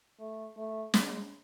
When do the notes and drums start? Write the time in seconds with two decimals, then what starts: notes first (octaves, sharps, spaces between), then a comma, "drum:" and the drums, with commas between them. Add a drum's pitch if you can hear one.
0.20 A3
0.57 A3
0.94 G#3, drum: snare